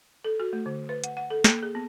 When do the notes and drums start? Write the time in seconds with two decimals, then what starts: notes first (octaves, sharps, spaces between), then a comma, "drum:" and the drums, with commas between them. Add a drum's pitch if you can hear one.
0.24 A4
0.40 F#4
0.53 A3
0.66 D3
0.89 B4
1.04 F#5, drum: hi-hat
1.17 F#5
1.30 A4
1.44 A#3, drum: snare
1.63 G#4
1.75 B3